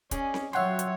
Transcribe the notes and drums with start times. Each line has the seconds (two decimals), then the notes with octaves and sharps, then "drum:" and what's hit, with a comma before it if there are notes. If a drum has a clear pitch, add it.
0.11 C#4 G#4 D5 D#5, drum: kick, hi-hat
0.34 drum: snare C4
0.53 F#3 F4 C#5 E5 F#5 G5 C6
0.79 drum: hi-hat